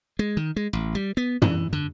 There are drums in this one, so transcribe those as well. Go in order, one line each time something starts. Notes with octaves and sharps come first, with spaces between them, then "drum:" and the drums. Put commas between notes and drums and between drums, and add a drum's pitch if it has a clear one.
G#3
D#3
G#3
A1
G3
B3
E3, drum: tom
D3